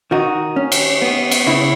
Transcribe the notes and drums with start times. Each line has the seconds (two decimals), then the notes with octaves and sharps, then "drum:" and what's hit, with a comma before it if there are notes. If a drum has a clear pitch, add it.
0.11 D#3 D#4 F#4
0.56 C#4
0.72 drum: cymbal
1.02 B3
1.31 drum: cymbal
1.47 C#3 E4